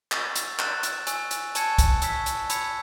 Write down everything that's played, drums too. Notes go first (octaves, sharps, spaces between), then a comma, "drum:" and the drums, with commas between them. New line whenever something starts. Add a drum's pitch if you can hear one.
C#6 E6 A6, drum: clap
drum: hi-hat
F#6 A6 E7, drum: clap
drum: hi-hat
G#5 C#6 E6, drum: hi-hat
drum: hi-hat
A5 C#6 G#6 C#7 E7, drum: hi-hat
drum: kick, hi-hat
C#6 E6 G#6 B6, drum: hi-hat
drum: hi-hat
B5 E6 G#6 C#7, drum: hi-hat